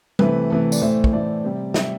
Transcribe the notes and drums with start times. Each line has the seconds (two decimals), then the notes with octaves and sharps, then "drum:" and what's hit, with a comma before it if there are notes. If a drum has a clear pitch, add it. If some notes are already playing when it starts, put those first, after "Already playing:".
0.19 C3 E3 A3 B4, drum: tom G3
0.50 C3 E3 A3
0.72 D5, drum: tambourine
0.82 A2 E3 A3 C5
1.04 C5, drum: kick
1.12 A2 E3 A3 D5
1.44 C3 G3
1.74 C3 G3 E5, drum: snare